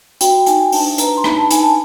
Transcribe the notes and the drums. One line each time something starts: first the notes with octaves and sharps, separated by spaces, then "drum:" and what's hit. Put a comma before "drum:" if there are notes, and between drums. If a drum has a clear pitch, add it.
F#4 G5, drum: hi-hat
D#4 G#5, drum: hi-hat
D4 A5, drum: open hi-hat
B4 A#5, drum: hi-hat
C6
D#4 B5, drum: rim click
A5
D#4 G#5, drum: hi-hat
A5